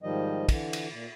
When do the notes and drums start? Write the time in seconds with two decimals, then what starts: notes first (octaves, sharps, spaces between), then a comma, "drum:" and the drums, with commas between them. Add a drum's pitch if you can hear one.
0.03 G#2 D#3 F3 G3 D#5
0.49 D3 E3, drum: kick, cymbal
0.73 drum: cymbal
0.91 A#2